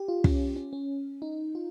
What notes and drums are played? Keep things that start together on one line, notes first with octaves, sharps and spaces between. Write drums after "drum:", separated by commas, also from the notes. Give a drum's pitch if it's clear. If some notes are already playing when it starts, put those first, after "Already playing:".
Already playing: G4
F4
C#4, drum: kick
C#4
C#4
D#4
F4